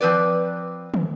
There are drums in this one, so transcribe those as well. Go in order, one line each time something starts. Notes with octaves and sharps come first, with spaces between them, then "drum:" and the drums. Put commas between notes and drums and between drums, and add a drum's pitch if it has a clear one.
F3 C4 B4 D5
drum: tom